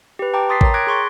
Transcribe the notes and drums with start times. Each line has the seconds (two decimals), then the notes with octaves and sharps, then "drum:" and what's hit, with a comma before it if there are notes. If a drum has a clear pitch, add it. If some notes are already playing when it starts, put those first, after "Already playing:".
0.19 G4 B4
0.34 G5 A5 A#5 D6
0.49 C6 D#6 A6 B6 C7
0.61 A#4 C#5 G5 A#5, drum: kick A1
0.74 D6 F#6 G#6 A#6 B6 D7
0.87 G#4 C6 C#6 A6